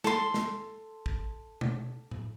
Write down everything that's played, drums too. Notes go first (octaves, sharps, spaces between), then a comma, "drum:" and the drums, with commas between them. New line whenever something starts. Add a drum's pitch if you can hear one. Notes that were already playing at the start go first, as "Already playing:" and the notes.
A4 C6, drum: snare
drum: snare
drum: kick
drum: tom B2
drum: tom A2